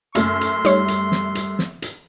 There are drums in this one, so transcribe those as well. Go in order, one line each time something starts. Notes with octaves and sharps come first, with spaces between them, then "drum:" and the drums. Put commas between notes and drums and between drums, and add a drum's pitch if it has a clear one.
F#2 A3 C6, drum: hi-hat
drum: hi-hat
G3 D#4 C#5, drum: hi-hat
drum: hi-hat
drum: snare
drum: hi-hat
drum: snare
drum: hi-hat